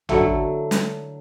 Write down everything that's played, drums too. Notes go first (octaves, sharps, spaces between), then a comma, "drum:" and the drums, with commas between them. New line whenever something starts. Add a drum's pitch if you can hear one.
D3 F#3 A3 E4, drum: tom A1
drum: snare